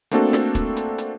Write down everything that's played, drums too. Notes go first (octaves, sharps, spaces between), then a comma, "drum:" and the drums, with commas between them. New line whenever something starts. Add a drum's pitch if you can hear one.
A3 A#3 C4 D4 F#4 A4, drum: hi-hat
drum: snare
drum: kick, hi-hat
drum: hi-hat
drum: hi-hat